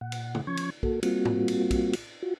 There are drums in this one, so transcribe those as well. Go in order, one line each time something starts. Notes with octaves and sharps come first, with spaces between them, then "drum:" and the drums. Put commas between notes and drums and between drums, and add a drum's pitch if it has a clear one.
A#2 F#5
drum: cymbal
drum: tom
F3 C#4 C#6 G#6
drum: cymbal
A#3 F#4 A4, drum: kick
G3 A#3 C4 F4 F#4, drum: cymbal
drum: tom G#2
drum: cymbal
drum: kick, cymbal
drum: cymbal
F4 F#4